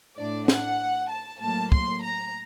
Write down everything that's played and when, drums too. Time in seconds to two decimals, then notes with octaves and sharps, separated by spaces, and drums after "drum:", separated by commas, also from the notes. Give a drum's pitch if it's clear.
0.18 A2 A3 D4 D5
0.48 F#5, drum: snare
1.10 A5
1.40 A2 F#3 A#3 A5
1.72 C6, drum: kick
2.02 A#5